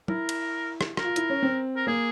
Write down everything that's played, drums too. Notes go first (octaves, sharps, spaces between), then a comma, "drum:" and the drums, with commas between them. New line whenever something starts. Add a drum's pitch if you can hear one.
E4 A#4, drum: tom F#3
drum: cymbal
drum: rim click
A#4, drum: rim click
F4
E4, drum: hi-hat
C#4
C4
A#4
A#3 G#4